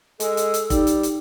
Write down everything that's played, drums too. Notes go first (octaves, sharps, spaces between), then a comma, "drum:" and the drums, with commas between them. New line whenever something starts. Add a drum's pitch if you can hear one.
G#3 A4, drum: hi-hat
drum: hi-hat
drum: hi-hat
G3 D#4, drum: kick, hi-hat
drum: hi-hat
drum: hi-hat